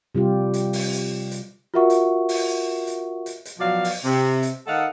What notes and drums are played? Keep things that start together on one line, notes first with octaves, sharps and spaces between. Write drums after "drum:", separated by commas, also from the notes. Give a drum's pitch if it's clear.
C3 G3 F4 G4
drum: hi-hat
drum: open hi-hat
drum: hi-hat
drum: hi-hat
F4 F#4 A#4 E5 F#5 C#6
drum: hi-hat
drum: open hi-hat
drum: hi-hat
drum: hi-hat
drum: hi-hat
B2 F3 F#3 F#4 D5 F5
drum: open hi-hat
C3
drum: hi-hat
D#3 A4 D#5 F5 F#5